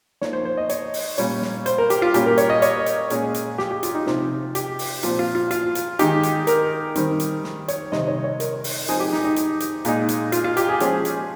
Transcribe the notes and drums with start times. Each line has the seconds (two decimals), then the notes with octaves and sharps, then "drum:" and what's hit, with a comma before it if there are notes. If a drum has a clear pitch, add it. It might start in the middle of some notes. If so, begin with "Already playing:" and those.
0.21 F3 A#3 D#4 C#5, drum: snare
0.33 C5
0.45 C5
0.57 D#5
0.70 C#5, drum: hi-hat
0.94 drum: open hi-hat
1.18 A#2 G3 C#4 C#5, drum: hi-hat
1.42 drum: snare
1.66 C5, drum: hi-hat
1.78 A#4
1.90 G4, drum: hi-hat
2.02 F4
2.14 A#2 G3 C#4 G4, drum: hi-hat
2.26 A#4
2.38 C#5, drum: hi-hat
2.50 D#5
2.62 C#5, drum: hi-hat
2.86 drum: hi-hat
3.10 A#2 G#3 C#4 G#4, drum: hi-hat
3.34 drum: hi-hat
3.58 G4, drum: snare
3.71 G4
3.83 F4, drum: hi-hat
3.95 D#4
4.06 C3 F3 C4 D#4 F4, drum: snare
4.55 G4, drum: hi-hat
4.79 drum: open hi-hat
5.03 A#2 F3 C4 F4, drum: hi-hat
5.19 F4
5.35 F4
5.51 F4, drum: hi-hat
5.75 drum: hi-hat
5.99 D#3 G#3 D#4 G4, drum: hi-hat
6.23 drum: hi-hat
6.47 A#4, drum: hi-hat
6.95 D#3 G3 C4, drum: hi-hat
7.20 drum: hi-hat
7.44 drum: snare
7.68 C#5, drum: hi-hat
7.92 C3 D#3 G3 C4 D#5, drum: snare
8.08 C#5
8.24 C#5
8.40 A#4, drum: hi-hat
8.64 drum: open hi-hat
8.88 F3 G#3 C4 D#4 G#4, drum: hi-hat
9.00 G4
9.13 D#4, drum: snare
9.24 D#4
9.36 drum: hi-hat
9.60 drum: hi-hat
9.85 A#2 G#3 D#4, drum: hi-hat
10.09 drum: hi-hat
10.32 F4, drum: hi-hat
10.44 F4
10.57 G4, drum: hi-hat
10.69 G#4
10.80 F3 G#3 C#4 G#4, drum: hi-hat
11.05 drum: hi-hat